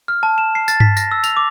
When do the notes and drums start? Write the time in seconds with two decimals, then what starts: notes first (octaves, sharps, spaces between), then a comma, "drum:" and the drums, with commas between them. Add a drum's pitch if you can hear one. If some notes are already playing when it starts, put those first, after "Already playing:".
0.08 F6
0.23 A5
0.38 E7
0.55 C7
0.68 A6, drum: tambourine
0.80 B6, drum: tom G2
0.97 A#6, drum: tambourine
1.11 E6
1.24 F7, drum: tambourine
1.37 D6